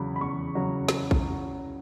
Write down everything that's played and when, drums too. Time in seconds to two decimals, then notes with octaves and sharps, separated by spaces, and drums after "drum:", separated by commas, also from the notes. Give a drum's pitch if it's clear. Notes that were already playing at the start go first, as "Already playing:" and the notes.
Already playing: E2 C#3 F#3 B5
0.16 B5
0.21 E2 C#6
0.55 C#3 F#3
0.88 drum: snare
1.11 drum: kick